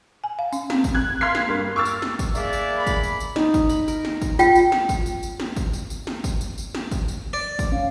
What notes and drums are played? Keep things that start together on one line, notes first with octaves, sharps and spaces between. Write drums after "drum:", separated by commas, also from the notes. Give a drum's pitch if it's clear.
G#5
F5
C#4, drum: tambourine
C4, drum: snare
drum: kick, tambourine
F#6 G#6
F5 C6 F6 G#6 B6 C7
drum: snare
G2 A#3
C#6 D6 E6 F6 A6
drum: tambourine
drum: snare
drum: kick, tambourine
G#3 A#3 D5 E5, drum: tambourine
drum: tambourine
B5
drum: kick, tambourine
drum: tambourine
drum: tambourine
D#4, drum: snare
drum: kick, tambourine
B5, drum: tambourine
A#4, drum: tambourine
drum: snare
drum: kick, tambourine
F4 G5, drum: tambourine
drum: tambourine
drum: snare
drum: kick, tambourine
drum: tambourine
drum: tambourine
drum: snare
drum: kick, tambourine
drum: tambourine
drum: tambourine
drum: snare
drum: kick, tambourine
drum: tambourine
drum: tambourine
drum: snare
drum: kick, tambourine
drum: tambourine
D5
drum: kick, tambourine
C#4 F5